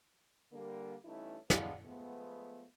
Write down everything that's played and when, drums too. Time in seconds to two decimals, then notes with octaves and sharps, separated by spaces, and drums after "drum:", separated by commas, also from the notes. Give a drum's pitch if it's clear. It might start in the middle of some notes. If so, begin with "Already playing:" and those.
0.53 D3 G3 A#3
1.05 G2 E3 A3 C#4 D#4 E4
1.50 G#3 B3 D4 D5 F5 F#5, drum: snare
1.85 F3 G#3 A3 B3